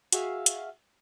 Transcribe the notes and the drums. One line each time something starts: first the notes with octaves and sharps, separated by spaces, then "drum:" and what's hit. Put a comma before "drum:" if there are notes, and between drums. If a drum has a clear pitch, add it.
F#4 G#4 E5 F5, drum: hi-hat
drum: hi-hat